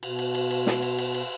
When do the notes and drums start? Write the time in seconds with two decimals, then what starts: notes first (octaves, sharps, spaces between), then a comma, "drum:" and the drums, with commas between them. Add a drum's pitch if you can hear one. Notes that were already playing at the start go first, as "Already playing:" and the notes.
0.03 B2, drum: cymbal
0.19 drum: cymbal
0.35 drum: cymbal
0.51 drum: cymbal
0.67 drum: snare
0.83 drum: cymbal
0.98 drum: cymbal
1.14 drum: cymbal